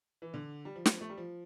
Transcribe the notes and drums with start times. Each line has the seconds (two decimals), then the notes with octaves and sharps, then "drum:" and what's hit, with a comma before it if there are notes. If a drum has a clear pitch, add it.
0.22 E3
0.34 D3
0.65 G3
0.76 F3
0.86 drum: snare
1.01 A3
1.09 G3
1.17 F3